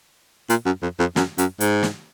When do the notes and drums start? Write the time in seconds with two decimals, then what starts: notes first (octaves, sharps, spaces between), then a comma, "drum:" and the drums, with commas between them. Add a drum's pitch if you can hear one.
0.50 A#2, drum: hi-hat
0.66 F#2
0.82 F2
1.00 F2
1.16 F#2, drum: snare
1.38 F#2, drum: hi-hat
1.60 G#2, drum: hi-hat
1.83 drum: snare